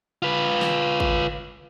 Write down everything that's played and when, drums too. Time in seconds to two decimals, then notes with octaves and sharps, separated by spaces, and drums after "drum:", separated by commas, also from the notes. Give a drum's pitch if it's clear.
0.22 F4 B4
0.61 drum: snare
1.00 drum: kick G#1